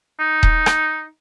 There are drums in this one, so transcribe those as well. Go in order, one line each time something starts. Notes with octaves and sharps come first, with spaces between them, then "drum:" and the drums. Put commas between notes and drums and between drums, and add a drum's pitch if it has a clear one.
D#4
drum: kick D#1
drum: rim click